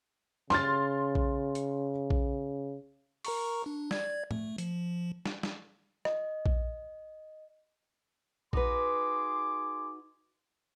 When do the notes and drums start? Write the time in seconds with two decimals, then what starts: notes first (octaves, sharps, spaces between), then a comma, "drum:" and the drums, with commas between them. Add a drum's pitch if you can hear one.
0.50 C#3 C6 F6 A6, drum: snare
1.15 drum: kick A#1
1.55 drum: hi-hat
2.10 drum: kick A#1
3.25 A#4 A#5 C#6, drum: open hi-hat
3.66 D4
3.91 D5 G#6, drum: snare
4.31 A3, drum: tom A2
4.58 F3, drum: hi-hat
5.25 drum: snare
5.43 drum: snare
6.05 D#5, drum: rim click
6.46 drum: kick A#1
8.53 D#4 F#4 G#4 B4 C6 D6, drum: kick A#1